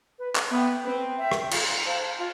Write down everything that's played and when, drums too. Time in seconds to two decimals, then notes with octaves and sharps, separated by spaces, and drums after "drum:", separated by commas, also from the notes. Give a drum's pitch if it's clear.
0.18 B4
0.36 drum: clap
0.51 B3 E5 G5
0.85 C4 B4
1.18 E5 G5
1.32 drum: rim click
1.51 F4, drum: cymbal
1.85 C5 F5 A5
2.18 F4